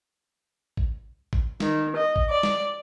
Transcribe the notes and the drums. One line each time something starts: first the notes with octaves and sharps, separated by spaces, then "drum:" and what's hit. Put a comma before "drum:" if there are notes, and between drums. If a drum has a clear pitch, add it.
drum: kick G#1
drum: kick G#1
D#3, drum: snare
D#5
drum: kick G#1
D5
drum: snare